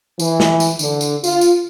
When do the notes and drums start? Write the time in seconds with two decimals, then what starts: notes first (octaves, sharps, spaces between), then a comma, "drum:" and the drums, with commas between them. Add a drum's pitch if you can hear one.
0.20 E3, drum: tambourine
0.40 drum: snare
0.60 drum: tambourine
0.79 D3, drum: tambourine
1.01 drum: tambourine
1.24 F4, drum: tambourine
1.41 drum: tambourine